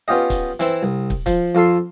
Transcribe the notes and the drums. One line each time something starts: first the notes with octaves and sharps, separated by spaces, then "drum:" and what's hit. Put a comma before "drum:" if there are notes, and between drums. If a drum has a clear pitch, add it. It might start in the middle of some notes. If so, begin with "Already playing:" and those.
B3 C#4 F4 G4 D#5
drum: kick, hi-hat
E3 C4 E4, drum: hi-hat
C2
drum: kick
F3, drum: kick, hi-hat
F2 F4 A4 C6